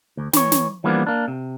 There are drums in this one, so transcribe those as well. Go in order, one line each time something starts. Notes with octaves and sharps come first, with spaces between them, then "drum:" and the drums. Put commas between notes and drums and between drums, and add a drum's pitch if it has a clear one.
D2
E3 C#5, drum: snare
drum: snare
E3 F3 G3 A#3 B3 D4
A#3 D4
C3